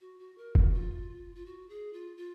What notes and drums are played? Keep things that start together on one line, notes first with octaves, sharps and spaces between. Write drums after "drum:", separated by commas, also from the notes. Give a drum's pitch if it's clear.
F#4
F#4
A#4
F#4, drum: kick F1
F4
F4
F#4
G#4
F4
F4